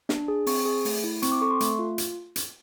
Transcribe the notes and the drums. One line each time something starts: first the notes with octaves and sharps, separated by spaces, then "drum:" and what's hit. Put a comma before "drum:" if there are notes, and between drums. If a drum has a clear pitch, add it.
D4, drum: snare
G#4
C4 C#6, drum: open hi-hat
G#4
A3, drum: open hi-hat
E4
C4 C#6, drum: hi-hat
D6
A4 C#6
C6
A3, drum: hi-hat
F4
drum: hi-hat
drum: hi-hat